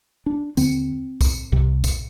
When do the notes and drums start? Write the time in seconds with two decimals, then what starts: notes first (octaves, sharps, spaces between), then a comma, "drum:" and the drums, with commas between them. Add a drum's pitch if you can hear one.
0.26 D4
0.57 D#2 D3 C4, drum: tambourine
1.21 drum: kick B1, tambourine
1.52 C2 C3
1.84 drum: kick B1, tambourine